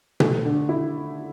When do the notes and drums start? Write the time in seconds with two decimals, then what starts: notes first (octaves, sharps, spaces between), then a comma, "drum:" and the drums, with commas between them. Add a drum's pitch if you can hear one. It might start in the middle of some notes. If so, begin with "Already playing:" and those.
0.20 A3, drum: tom B2
0.45 D3
0.69 E4